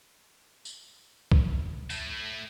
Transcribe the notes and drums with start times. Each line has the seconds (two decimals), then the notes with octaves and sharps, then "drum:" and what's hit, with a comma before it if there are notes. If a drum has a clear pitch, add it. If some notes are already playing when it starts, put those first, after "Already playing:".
0.65 drum: tambourine
1.32 drum: kick
1.90 A3 E4, drum: tambourine